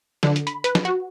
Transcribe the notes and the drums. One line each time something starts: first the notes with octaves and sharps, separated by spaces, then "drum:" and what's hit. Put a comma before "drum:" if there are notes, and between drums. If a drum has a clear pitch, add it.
D3, drum: snare
drum: hi-hat
B5, drum: hi-hat
B4, drum: hi-hat
drum: snare
F#4